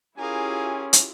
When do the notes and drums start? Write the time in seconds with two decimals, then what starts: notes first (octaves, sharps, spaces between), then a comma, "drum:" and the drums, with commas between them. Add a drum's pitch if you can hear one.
0.18 C#4 E4 F4 G4 G#4 A#4 F5 G#5
0.93 drum: hi-hat